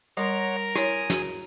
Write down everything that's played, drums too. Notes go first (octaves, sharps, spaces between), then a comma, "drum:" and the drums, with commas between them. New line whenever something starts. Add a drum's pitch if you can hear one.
G3 A#4 C#5 F#5 A#5 C6
E4 C#5 G#5 D#6, drum: rim click
F#4 G#4, drum: snare